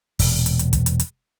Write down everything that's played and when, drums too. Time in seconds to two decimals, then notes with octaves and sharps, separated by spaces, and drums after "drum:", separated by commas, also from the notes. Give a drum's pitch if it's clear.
0.19 E1 A#2, drum: open hi-hat
0.46 drum: hi-hat
0.59 drum: hi-hat
0.73 drum: kick, hi-hat
0.86 drum: hi-hat
1.00 drum: hi-hat